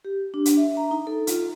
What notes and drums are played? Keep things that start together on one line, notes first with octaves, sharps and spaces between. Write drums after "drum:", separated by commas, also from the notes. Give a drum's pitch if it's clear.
G4
D4
drum: hi-hat
E5
A#5
D#4
A4
F4, drum: hi-hat